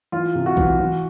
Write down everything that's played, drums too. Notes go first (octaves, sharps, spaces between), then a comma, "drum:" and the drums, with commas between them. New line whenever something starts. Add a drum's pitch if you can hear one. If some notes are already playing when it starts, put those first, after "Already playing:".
E3 F4
C3
F#4
E3, drum: kick A#1
E3